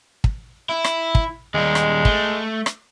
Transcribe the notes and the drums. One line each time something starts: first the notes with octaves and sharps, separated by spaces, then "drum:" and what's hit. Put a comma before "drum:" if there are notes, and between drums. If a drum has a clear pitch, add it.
drum: kick
E4
drum: rim click
drum: kick
D#2 G3 G#3
drum: rim click
A3, drum: kick
drum: rim click